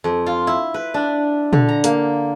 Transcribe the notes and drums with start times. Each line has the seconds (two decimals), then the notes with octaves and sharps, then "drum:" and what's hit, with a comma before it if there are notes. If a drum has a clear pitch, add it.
0.04 F2
0.26 F4
0.47 E4
0.74 B4
0.94 D4
1.53 D3, drum: tom
1.69 A#5
1.84 A#3, drum: hi-hat